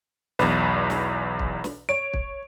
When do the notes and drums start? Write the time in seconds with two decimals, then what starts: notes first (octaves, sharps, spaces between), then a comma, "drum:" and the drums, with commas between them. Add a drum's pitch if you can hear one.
0.39 B1 E2 B4 D5 C#6, drum: snare
0.90 drum: snare
1.39 drum: kick
1.64 drum: snare
1.89 C#5 D7
2.14 drum: kick